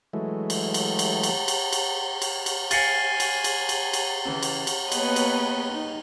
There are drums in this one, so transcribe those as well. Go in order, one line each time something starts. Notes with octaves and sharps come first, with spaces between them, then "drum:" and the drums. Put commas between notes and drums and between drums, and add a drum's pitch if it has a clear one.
E3 F#3 G#3 A3
drum: cymbal
drum: cymbal
drum: cymbal
drum: cymbal
drum: cymbal
drum: cymbal
drum: cymbal
drum: cymbal
F5 G#5 A6 A#6 C7 C#7, drum: cymbal
drum: cymbal
drum: cymbal
drum: cymbal
drum: cymbal
C#3 E3
drum: cymbal
drum: cymbal
A#3 B3 B4 C#5 D#5, drum: cymbal
drum: cymbal
D#4